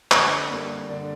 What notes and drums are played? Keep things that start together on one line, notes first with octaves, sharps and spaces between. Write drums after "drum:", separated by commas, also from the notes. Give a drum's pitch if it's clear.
D3 D5, drum: clap
G3 A#3 D5
D3 D5